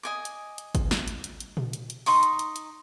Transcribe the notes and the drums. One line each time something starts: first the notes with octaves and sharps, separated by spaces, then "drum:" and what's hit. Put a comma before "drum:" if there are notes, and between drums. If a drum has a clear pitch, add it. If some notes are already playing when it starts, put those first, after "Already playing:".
D#5 G#5 D6
drum: hi-hat
drum: hi-hat
drum: kick G#1, hi-hat
drum: snare
drum: hi-hat
drum: hi-hat
drum: hi-hat
drum: tom A#2
drum: hi-hat
drum: hi-hat
D#4 C6 C#6 D#6, drum: open hi-hat
drum: hi-hat
drum: hi-hat
drum: hi-hat